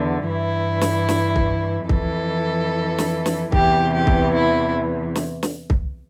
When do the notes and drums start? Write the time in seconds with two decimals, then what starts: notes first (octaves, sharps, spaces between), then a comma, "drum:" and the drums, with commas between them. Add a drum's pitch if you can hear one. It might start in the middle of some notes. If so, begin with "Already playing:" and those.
Already playing: E2 D3
0.27 G2 E3 E4
0.81 drum: snare
1.09 drum: snare
1.36 drum: kick C2
1.89 F2 E3 A4, drum: kick C2
2.98 drum: snare
3.26 drum: snare
3.52 E2 C3 E3 G4, drum: kick C2
3.93 G4
4.07 drum: kick C2
4.34 E4
5.15 drum: snare
5.43 drum: snare
5.70 drum: kick C2